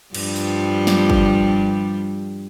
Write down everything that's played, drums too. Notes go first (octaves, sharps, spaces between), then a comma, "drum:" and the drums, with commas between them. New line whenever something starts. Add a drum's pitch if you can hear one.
G2 F3 G3, drum: cymbal
drum: tambourine
drum: snare
drum: kick